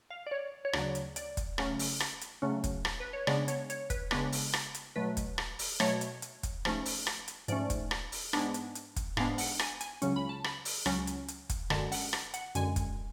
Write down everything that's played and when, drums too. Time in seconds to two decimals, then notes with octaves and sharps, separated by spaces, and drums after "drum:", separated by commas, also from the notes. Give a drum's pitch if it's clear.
0.10 F5
0.27 D5
0.31 C#5
0.65 C#5
0.73 D2 C#3 F#3 D5, drum: rim click
0.95 drum: hi-hat
1.16 D5, drum: hi-hat
1.37 drum: kick, hi-hat
1.58 C#3 F#3 A3 C#4, drum: rim click
1.79 drum: open hi-hat
2.00 drum: rim click
2.21 drum: hi-hat
2.42 C#3 F#3 A3 C#4
2.64 drum: kick, hi-hat
2.85 drum: rim click
3.00 B4
3.13 C#5
3.27 C#3 G#3 B3 D4 D5, drum: rim click
3.48 C#5, drum: hi-hat
3.70 C#5, drum: hi-hat
3.90 B4, drum: kick, hi-hat
4.11 C#3 G#3 B3 D4 B4, drum: rim click
4.32 drum: open hi-hat
4.53 drum: rim click
4.75 drum: hi-hat
4.96 B2 F#3 A3 B4
5.17 drum: kick, hi-hat
5.38 drum: rim click
5.59 drum: open hi-hat
5.80 B2 F#3 A3 C#5, drum: rim click
6.01 drum: hi-hat
6.22 drum: hi-hat
6.43 drum: kick, hi-hat
6.65 G#2 F3 A3 C#4, drum: rim click
6.85 drum: open hi-hat
7.07 drum: rim click
7.28 drum: hi-hat
7.48 G#2 F3 A3 C#4 D5, drum: hi-hat
7.70 drum: kick, hi-hat
7.91 drum: rim click
8.12 drum: open hi-hat
8.33 G#2 G#3 B3 D4, drum: rim click
8.54 drum: hi-hat
8.75 drum: hi-hat
8.96 drum: kick, hi-hat
9.17 G#2 G#3 B3 D4 F5, drum: rim click
9.38 F#5, drum: open hi-hat
9.59 G#5, drum: rim click
9.81 G#5, drum: hi-hat
10.02 C#2 C#3 F#3 C#4, drum: hi-hat
10.16 B5
10.29 A5
10.44 B5, drum: rim click
10.65 drum: open hi-hat
10.86 C#2 C#3 F#3 C#4, drum: rim click
11.07 drum: hi-hat
11.28 drum: hi-hat
11.49 drum: kick, hi-hat
11.70 F#2 D3 G#3 A5, drum: rim click
11.92 F#5, drum: open hi-hat
12.13 drum: rim click
12.34 F#5, drum: hi-hat
12.55 F#2 D3 G#3 G#5, drum: hi-hat
12.76 drum: kick, hi-hat